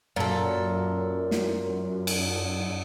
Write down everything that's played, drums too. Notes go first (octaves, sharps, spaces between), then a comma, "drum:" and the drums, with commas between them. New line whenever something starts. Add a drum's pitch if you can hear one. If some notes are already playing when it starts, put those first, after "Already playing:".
F#2 A#2 A4
drum: snare
drum: cymbal